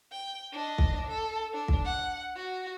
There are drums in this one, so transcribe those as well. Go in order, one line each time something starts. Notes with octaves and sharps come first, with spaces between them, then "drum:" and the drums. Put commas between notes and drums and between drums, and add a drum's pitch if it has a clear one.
G5
D4 D#5
drum: kick
A4
D4
drum: kick
F#5
F#4